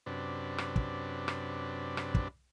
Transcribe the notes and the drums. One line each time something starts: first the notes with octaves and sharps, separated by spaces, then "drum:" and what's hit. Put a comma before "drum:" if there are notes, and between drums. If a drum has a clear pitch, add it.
F#2 C3 D4 B4
drum: rim click
drum: kick
drum: rim click
drum: rim click
drum: kick